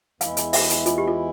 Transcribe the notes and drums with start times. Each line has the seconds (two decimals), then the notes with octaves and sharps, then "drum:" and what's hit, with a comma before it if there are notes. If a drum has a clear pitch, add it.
0.21 E2 E3 G#3 E4 F5, drum: hi-hat
0.37 drum: hi-hat
0.53 E5, drum: open hi-hat
0.70 drum: hi-hat
0.86 F4, drum: hi-hat
0.98 G4
1.08 F4